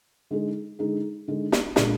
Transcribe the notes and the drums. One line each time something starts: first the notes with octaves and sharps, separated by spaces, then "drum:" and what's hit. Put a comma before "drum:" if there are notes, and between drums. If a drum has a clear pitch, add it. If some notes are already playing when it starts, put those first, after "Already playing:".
D3 G#3 D#4 G#4
D3 G#3 D#4 G#4
D3 G#3 D#4 G#4
drum: snare
A#2 G#3 D4 G#4, drum: snare